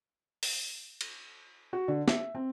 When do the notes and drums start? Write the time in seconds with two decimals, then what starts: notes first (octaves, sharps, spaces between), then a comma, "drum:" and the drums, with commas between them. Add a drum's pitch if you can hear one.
0.43 drum: open hi-hat
1.01 drum: cymbal
1.73 F#4
1.88 D3
2.08 E5, drum: snare
2.35 C4